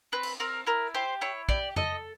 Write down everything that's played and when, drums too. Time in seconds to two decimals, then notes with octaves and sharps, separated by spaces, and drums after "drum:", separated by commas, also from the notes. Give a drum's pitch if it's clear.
0.12 C4 B4
0.23 drum: cymbal
0.40 C4 A#4
0.66 E4 A#4
0.95 G4 C5
1.21 E4 C#5
1.49 G4 D5, drum: kick
1.76 A4 D#5, drum: tom F2